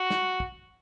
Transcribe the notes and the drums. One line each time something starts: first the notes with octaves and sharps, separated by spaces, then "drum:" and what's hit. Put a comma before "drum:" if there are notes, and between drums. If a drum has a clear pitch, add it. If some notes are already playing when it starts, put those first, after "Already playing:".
Already playing: F#4
drum: snare
drum: kick